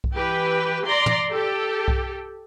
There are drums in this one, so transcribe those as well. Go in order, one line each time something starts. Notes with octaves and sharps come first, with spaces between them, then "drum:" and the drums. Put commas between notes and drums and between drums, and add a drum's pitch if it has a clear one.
drum: kick B1
E3 G4 B4
D5 A#5 C6
drum: tom
G4 A4
drum: kick B1